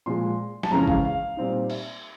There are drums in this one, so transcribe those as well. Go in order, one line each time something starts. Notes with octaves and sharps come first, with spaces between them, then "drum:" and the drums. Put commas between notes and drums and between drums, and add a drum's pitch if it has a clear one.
A#2 F3 G#3 C6
A5, drum: snare
F2 C#3 E3 G#3 C#4 A#5
F5, drum: kick G#1
F5
A#2 G3 C4 D#4
E5, drum: cymbal